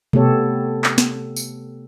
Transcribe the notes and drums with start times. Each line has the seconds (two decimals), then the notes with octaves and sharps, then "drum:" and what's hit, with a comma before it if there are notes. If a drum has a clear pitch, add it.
0.13 C3 A3 B3 G4 A4 C#5, drum: tom B2
0.84 drum: clap
0.98 drum: snare
1.37 drum: tambourine